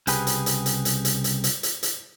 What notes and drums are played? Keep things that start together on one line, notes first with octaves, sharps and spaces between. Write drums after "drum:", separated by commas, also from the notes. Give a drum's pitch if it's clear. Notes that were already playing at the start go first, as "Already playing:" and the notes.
C2 C#3 G4 G#4 B4, drum: hi-hat
drum: hi-hat
drum: hi-hat
drum: hi-hat
drum: hi-hat
drum: hi-hat
drum: hi-hat
drum: hi-hat
drum: hi-hat
drum: hi-hat